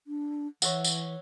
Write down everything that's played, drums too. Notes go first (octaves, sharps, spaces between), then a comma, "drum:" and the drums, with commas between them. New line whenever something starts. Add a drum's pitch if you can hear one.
D4
E3 C#5 E5 F#5, drum: tambourine
drum: tambourine